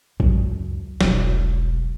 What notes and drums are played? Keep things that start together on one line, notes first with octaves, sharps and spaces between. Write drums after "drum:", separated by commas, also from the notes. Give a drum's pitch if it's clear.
C#2 F#2, drum: kick
E1 B1, drum: snare